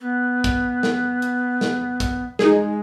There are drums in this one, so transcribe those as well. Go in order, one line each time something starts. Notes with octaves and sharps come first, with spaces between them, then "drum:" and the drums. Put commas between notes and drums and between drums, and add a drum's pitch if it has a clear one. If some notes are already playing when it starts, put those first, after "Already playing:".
B3
drum: kick, hi-hat
drum: snare
drum: hi-hat
drum: snare
drum: kick, hi-hat
G#3 D#4 G#4, drum: snare